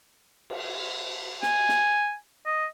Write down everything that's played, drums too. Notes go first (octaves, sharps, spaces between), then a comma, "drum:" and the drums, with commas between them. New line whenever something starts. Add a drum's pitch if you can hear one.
drum: cymbal
G#5, drum: snare
drum: snare
D#5